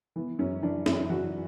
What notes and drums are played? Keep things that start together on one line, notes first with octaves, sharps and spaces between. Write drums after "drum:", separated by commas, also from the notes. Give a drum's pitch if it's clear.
E3 B3
F#2 C#4
E3 D4
F#2 E4, drum: snare
E3 F#4